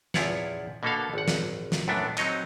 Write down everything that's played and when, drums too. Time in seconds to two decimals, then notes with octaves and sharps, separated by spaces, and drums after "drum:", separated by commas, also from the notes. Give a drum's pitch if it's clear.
0.14 E2 F3 E4 F4 C#5 F#5, drum: snare
0.83 B2 D3 A#3 B3 A4 F5
1.14 G#1 F#5
1.28 drum: snare
1.72 drum: snare
1.88 F#2 A2 A3 B3 D4
2.18 F#3 C4 D#4 C#5 D#5, drum: clap